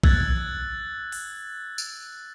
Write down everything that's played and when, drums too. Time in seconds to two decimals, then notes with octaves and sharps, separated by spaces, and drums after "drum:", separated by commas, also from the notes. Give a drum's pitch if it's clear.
0.04 E6 F#6 G#6 A6, drum: kick
1.12 drum: open hi-hat
1.78 drum: tambourine